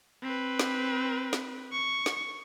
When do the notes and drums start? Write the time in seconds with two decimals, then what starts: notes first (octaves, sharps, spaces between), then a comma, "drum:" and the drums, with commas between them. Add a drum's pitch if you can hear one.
0.23 C4 B4
0.60 drum: snare
1.33 drum: snare
1.72 C#6
2.06 drum: snare